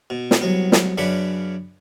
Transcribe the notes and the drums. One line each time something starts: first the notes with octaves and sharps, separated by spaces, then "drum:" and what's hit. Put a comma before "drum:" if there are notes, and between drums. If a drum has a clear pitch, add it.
B2
drum: snare
C2 F#3 B3
drum: snare
F#2 C#3 D4 B4 F#5 B5